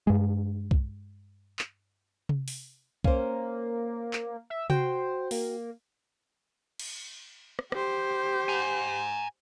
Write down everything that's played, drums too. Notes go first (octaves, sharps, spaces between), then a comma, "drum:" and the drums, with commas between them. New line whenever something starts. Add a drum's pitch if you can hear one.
G2 G#3
drum: kick
drum: clap
drum: tom C3
drum: open hi-hat
A#3 C#4 C5, drum: kick
drum: clap
E5
F#4 C5 G5, drum: tom C3
A#3, drum: open hi-hat
drum: cymbal
drum: rim click
G4 C5, drum: rim click
G#5 A#5